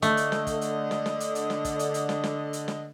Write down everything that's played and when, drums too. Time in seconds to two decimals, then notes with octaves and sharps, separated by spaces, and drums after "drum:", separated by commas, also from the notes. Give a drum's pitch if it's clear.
0.02 D3 A3 D#5, drum: hi-hat
0.17 drum: hi-hat
0.32 drum: snare
0.47 drum: kick, hi-hat
0.61 drum: hi-hat
0.91 drum: snare
1.06 drum: snare
1.20 drum: hi-hat
1.35 drum: hi-hat
1.50 drum: snare
1.65 drum: kick, hi-hat
1.79 drum: hi-hat
1.94 drum: hi-hat
2.09 drum: snare
2.24 drum: snare
2.53 drum: hi-hat
2.68 drum: snare